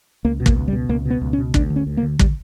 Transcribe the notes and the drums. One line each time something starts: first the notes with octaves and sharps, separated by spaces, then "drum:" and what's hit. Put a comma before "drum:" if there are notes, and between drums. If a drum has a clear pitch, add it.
C#2 A#3
B2
A#3, drum: kick
C#2
G3
B2
C#2 A#3
B2 B3
C#2
C#4
B2
D2 D4, drum: kick
D3
C#4
D2
A#3
D3
G3, drum: kick